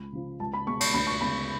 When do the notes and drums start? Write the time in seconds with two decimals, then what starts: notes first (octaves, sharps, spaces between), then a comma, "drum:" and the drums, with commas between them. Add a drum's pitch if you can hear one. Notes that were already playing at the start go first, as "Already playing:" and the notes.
Already playing: C#2 B5
0.13 C#3 F3
0.40 C#2 A5
0.53 B5
0.67 B2 G#3 C#6
0.80 C#6, drum: cymbal
0.94 D2 B5
1.07 C#6
1.21 C#3 G#3 B3 B5